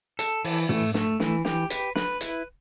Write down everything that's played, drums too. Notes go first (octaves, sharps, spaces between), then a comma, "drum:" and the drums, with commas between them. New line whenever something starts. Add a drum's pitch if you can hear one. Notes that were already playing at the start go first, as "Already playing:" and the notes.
A4, drum: hi-hat
E3, drum: open hi-hat
A3, drum: tom
A3, drum: snare
E3, drum: snare
G4, drum: snare
B4, drum: hi-hat
B4, drum: snare
E4, drum: hi-hat